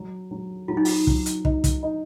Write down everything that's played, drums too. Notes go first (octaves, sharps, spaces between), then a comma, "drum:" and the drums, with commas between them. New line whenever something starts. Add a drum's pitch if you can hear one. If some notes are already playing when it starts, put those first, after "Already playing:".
Already playing: F#3
F#3
F#3 F4
D#4
F4, drum: open hi-hat
F#3, drum: kick
drum: hi-hat
D#4, drum: kick
drum: kick, hi-hat
D#4